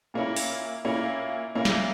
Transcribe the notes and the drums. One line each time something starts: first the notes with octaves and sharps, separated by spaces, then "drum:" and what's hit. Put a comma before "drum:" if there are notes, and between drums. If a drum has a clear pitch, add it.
A#2 A#3 C#4 E4
drum: open hi-hat
A#2 A#3 C#4 E4
A#2 A#3 C#4 E4
drum: snare